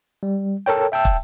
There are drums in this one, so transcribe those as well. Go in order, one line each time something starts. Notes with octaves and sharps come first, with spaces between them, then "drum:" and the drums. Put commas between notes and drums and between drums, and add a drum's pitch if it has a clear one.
G3
A4 A#4 C#5 G5
E5 G5 A5 E6
drum: kick